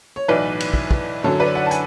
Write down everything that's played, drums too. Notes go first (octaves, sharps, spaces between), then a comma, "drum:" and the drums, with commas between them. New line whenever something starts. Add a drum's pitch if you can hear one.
C#5
B1 A2 E3 B4 D5
drum: cymbal
drum: kick
drum: kick
F#2 D3 F#3 A4 C#5
B4 D5
D5 F#5
A5
G#5, drum: hi-hat